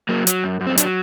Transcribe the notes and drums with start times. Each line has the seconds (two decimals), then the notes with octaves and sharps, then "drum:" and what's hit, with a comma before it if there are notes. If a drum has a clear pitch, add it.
0.09 F#3 A#3
0.27 F#3, drum: hi-hat
0.44 F#2
0.61 F#2
0.67 C4
0.78 F#3 D4, drum: hi-hat